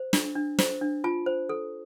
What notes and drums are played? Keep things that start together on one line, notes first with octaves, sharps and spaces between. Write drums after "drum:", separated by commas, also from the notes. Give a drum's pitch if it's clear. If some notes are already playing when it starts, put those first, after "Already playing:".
Already playing: C5
D4, drum: snare
D4
C5, drum: snare
D4
F4 A5
C5
A4